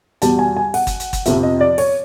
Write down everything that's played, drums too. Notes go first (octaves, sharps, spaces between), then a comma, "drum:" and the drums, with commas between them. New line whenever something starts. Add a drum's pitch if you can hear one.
E2 B2 G3 A5, drum: hi-hat
G#5
G#5
F#5, drum: open hi-hat
drum: kick, hi-hat
drum: hi-hat
drum: kick, hi-hat
F2 C3 F3 E5, drum: hi-hat
D#5
D5
C#5, drum: open hi-hat